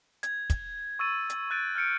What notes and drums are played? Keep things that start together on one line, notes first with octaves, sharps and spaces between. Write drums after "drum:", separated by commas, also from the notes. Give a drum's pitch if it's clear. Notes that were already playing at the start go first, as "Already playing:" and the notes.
G#6, drum: hi-hat
drum: kick, hi-hat
C#6 E6 A6 D#7
drum: hi-hat
C#6 F#6 G6 A6 D7 D#7
F6 G6 C#7 D7